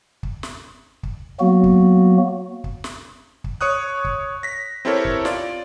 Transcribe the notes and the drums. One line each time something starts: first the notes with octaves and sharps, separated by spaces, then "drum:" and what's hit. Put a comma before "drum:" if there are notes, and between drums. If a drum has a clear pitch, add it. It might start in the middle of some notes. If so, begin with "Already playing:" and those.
drum: kick
drum: snare
drum: kick
F#3 A#3 B3 F#4
drum: kick
drum: kick
drum: snare
drum: kick
C#5 C#6 D#6 F#6
drum: kick
A#6 B6
C4 E4 G4 A4 A#4 C#5
drum: kick
F4 D5, drum: snare